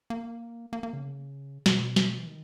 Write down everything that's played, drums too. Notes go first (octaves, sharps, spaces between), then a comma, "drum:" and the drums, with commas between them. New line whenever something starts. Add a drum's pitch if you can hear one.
A#3
A#3
A#3
C#3
B2, drum: snare
drum: snare
E3
D#3